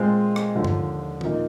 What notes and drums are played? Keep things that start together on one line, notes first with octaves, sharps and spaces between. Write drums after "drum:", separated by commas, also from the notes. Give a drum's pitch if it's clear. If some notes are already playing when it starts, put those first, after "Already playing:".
Already playing: A#2 G#3 C4 F4
drum: rim click
D#2 D3 F3
drum: tom G2
A#2 F3 A#3 D#4, drum: tom